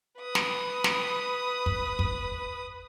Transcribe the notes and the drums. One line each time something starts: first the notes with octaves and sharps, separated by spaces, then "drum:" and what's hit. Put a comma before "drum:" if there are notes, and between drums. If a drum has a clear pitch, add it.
B4 D#6
drum: snare
drum: snare
drum: kick
drum: kick